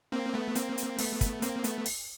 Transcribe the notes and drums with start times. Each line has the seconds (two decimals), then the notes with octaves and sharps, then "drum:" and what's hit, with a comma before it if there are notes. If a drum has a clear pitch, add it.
0.12 A#3 C4
0.34 A3 B3
0.55 A#3 C4, drum: hi-hat
0.78 drum: hi-hat
0.99 A3 B3, drum: open hi-hat
1.21 drum: kick, hi-hat
1.42 A#3 C4, drum: hi-hat
1.64 A3 B3, drum: hi-hat
1.86 drum: open hi-hat